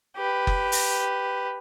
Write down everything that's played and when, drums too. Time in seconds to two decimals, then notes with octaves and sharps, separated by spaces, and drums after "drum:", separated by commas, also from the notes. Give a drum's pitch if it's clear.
0.17 G4 B4
0.47 drum: kick F#1
0.72 drum: open hi-hat